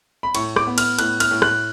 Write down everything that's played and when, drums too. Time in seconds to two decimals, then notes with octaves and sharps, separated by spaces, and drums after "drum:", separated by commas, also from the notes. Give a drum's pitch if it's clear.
0.23 B5
0.35 A2 C#6, drum: cymbal
0.56 D6, drum: rim click
0.67 B3
0.78 F6, drum: cymbal
0.99 A2 F#6, drum: cymbal
1.20 F6, drum: cymbal
1.31 A2
1.42 F#6, drum: rim click